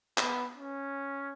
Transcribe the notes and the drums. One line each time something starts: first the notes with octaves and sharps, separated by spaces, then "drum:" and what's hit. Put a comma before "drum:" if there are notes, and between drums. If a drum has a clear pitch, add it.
B3, drum: clap
C#4